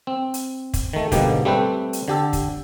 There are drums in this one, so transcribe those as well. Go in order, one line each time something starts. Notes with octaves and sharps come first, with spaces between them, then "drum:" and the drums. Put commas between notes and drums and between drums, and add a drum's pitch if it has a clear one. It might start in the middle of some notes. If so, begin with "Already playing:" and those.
C4
drum: hi-hat
drum: kick, hi-hat
D#3 A3
G#2 B2 D3 G3 A#3 G4, drum: kick, hi-hat
G3 A3 C4 B4 C5
drum: hi-hat
D3 G4 A4
drum: kick, hi-hat